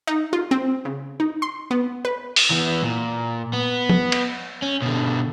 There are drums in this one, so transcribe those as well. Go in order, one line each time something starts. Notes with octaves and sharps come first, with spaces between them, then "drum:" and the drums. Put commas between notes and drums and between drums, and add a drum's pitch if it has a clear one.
D#4
F4
C4
C#3
D#4
C6
B3
B4
drum: open hi-hat
E3 B3
A#2
B3
drum: tom
drum: cymbal
C#4
B2 D3